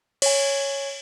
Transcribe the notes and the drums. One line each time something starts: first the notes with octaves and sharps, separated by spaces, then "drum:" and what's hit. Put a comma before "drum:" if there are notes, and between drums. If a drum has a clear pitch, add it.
C#5 G#5, drum: cymbal